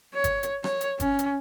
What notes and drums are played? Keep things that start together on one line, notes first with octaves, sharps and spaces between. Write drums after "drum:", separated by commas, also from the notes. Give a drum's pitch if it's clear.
C#5
drum: kick G1, hi-hat
drum: hi-hat
C#5, drum: rim click
drum: hi-hat
C#4, drum: kick G1, hi-hat
drum: hi-hat